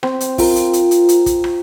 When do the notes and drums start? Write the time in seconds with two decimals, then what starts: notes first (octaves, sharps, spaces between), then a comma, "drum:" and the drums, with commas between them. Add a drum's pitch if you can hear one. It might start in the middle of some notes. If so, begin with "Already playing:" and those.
0.03 C4, drum: rim click
0.20 drum: hi-hat
0.38 F4 A#4, drum: kick, open hi-hat
0.56 drum: hi-hat
0.73 drum: hi-hat
0.91 drum: hi-hat
1.09 drum: hi-hat
1.26 drum: kick, hi-hat
1.44 drum: rim click